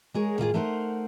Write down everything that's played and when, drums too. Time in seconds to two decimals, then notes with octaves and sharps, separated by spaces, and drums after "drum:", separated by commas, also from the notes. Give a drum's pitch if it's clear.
0.14 G#3 G#4 A#4 C#5
0.38 D#3 A#3 F4 G#4, drum: tom
0.54 A3 D#4 A#4 C5 F5 F#5